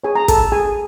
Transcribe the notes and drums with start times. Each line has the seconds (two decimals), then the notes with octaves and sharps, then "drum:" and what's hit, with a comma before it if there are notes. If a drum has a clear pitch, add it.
0.04 G#4 C#5 G#5
0.15 A#5
0.28 A4 A5, drum: kick, hi-hat
0.40 A4
0.52 G#4 G#5